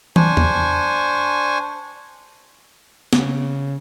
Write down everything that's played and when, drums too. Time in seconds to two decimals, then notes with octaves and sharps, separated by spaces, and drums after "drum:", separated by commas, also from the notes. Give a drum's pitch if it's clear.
0.16 D4 C5 G#5 C#6, drum: tom
0.37 drum: tom E2
3.13 C#3, drum: snare